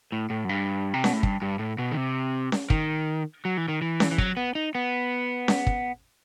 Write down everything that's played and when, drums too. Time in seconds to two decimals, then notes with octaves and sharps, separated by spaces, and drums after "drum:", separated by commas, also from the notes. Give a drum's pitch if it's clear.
0.12 A2
0.30 A2
0.45 F#2
0.49 G2
0.94 C3
1.04 B2, drum: snare C#4
1.13 A2
1.23 G2, drum: kick
1.42 G2
1.59 A2
1.78 B2
1.92 D#3
1.97 C3
2.52 drum: snare C#4
2.70 D#3, drum: kick
3.45 F#3
3.57 E3
3.68 D#3
3.82 E3
4.00 drum: snare C#4
4.11 E3
4.18 F#3, drum: kick
4.37 B3
4.55 D#4
4.75 B3
5.48 drum: snare C#4
5.67 drum: kick